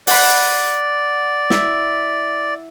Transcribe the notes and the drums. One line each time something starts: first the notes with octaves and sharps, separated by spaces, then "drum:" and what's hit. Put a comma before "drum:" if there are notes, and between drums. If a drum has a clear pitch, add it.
D5 F#5 B5, drum: open hi-hat
E4, drum: snare